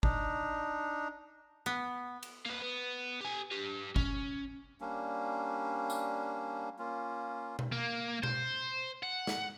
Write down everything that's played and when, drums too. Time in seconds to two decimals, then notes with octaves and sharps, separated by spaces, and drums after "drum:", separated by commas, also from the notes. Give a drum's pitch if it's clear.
0.03 D4 D#4, drum: kick G1
1.66 B3
2.23 drum: cymbal
2.46 A#3 B4
2.62 B3
3.21 G4 G#5
3.51 G4 B4
3.96 C#4, drum: kick G1
4.81 G3 A#3 C#4 D4
5.90 drum: tambourine
6.79 A#3 C#4 F4
7.59 drum: tom B2
7.72 A#3
8.23 C5, drum: tom B2
9.03 F#5
9.27 drum: snare